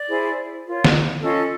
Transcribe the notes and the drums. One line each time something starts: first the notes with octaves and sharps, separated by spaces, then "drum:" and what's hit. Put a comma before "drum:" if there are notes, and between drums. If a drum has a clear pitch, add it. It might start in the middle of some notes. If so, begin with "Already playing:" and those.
Already playing: D5
E4 G#4 C5
F4 A#4 C#5
drum: snare
C#4 F4 A4 D#5